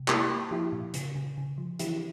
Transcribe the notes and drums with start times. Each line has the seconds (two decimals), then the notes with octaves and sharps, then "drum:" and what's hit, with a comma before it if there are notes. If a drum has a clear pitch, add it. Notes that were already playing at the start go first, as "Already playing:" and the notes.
Already playing: C3
0.08 A#3 E4 G4, drum: clap
0.30 A#3
0.51 F3 E4 G4
0.73 A#2
0.94 C#3, drum: hi-hat
1.15 C#3
1.38 C#3
1.58 F3
1.79 E3 E4 G4, drum: hi-hat